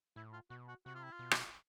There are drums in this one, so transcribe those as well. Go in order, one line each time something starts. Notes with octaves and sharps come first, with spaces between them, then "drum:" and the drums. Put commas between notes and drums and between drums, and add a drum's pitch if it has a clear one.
A2 E4
F4
B2 F#4
F#4
C3 F#4
F4
E4
F4
B2
drum: rim click